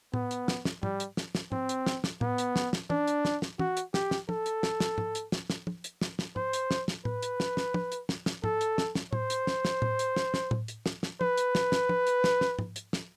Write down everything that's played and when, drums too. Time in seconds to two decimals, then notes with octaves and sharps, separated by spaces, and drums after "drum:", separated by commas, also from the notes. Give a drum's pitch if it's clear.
0.14 B3, drum: tom A2
0.31 drum: hi-hat
0.48 drum: snare
0.65 drum: snare
0.83 G3, drum: tom G#2
1.00 drum: hi-hat
1.17 drum: snare
1.35 drum: snare
1.52 C4, drum: tom G#2
1.69 drum: hi-hat
1.86 drum: snare
2.04 drum: snare
2.21 B3, drum: tom A2
2.38 drum: hi-hat
2.56 drum: snare
2.73 drum: snare
2.90 D4, drum: tom
3.08 drum: hi-hat
3.25 drum: snare
3.42 drum: snare
3.59 F#4, drum: tom
3.77 drum: hi-hat
3.94 G4, drum: snare
4.11 drum: snare
4.29 A4, drum: tom
4.46 drum: hi-hat
4.63 drum: snare
4.80 drum: snare
4.98 drum: tom G#2
5.15 drum: hi-hat
5.32 drum: snare
5.50 drum: snare
5.67 drum: tom
5.84 drum: hi-hat
6.01 drum: snare
6.19 drum: snare
6.36 C5, drum: tom G#2
6.53 drum: hi-hat
6.71 drum: snare
6.88 drum: snare
7.05 B4, drum: tom A2
7.23 drum: hi-hat
7.40 drum: snare
7.57 drum: snare
7.74 drum: tom
7.92 drum: hi-hat
8.09 drum: snare
8.26 drum: snare
8.44 A4, drum: tom G#2
8.61 drum: hi-hat
8.78 drum: snare
8.95 drum: snare
9.13 C5, drum: tom A2
9.30 drum: hi-hat
9.47 drum: snare
9.65 drum: snare
9.82 drum: tom A2
9.99 drum: hi-hat
10.16 drum: snare
10.34 drum: snare
10.51 drum: tom A2
10.68 drum: hi-hat
10.86 drum: snare
11.03 drum: snare
11.21 B4, drum: tom
11.38 drum: hi-hat
11.55 drum: snare
11.72 drum: snare
11.89 drum: tom
12.07 drum: hi-hat
12.24 drum: snare
12.41 drum: snare
12.59 drum: tom G#2
12.76 drum: hi-hat
12.93 drum: snare